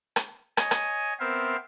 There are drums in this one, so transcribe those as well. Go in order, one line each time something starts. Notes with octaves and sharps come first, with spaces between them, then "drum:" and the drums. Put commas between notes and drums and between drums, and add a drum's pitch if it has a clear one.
drum: rim click
C#5 D#5 G#5, drum: rim click
drum: rim click
B3 C4 A#4 C5 E5 F5